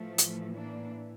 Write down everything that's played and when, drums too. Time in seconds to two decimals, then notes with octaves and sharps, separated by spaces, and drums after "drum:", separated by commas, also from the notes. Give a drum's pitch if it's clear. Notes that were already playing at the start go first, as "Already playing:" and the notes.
Already playing: A2 E3 F3 A3
0.18 drum: hi-hat
0.55 A#3 D4